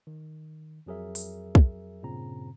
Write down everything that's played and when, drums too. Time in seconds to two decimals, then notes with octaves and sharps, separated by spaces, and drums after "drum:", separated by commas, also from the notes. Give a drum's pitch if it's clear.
0.07 D#3
0.86 F2 F#3 G#4 A#4 E5
1.15 drum: open hi-hat
1.55 drum: kick
2.03 G2 A#2 C#3 C4 A#5